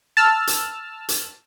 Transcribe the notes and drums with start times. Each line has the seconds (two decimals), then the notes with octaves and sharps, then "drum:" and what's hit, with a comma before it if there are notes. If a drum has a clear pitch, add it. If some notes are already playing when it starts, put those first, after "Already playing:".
0.17 A5 E6 F6
0.47 drum: hi-hat
1.09 drum: hi-hat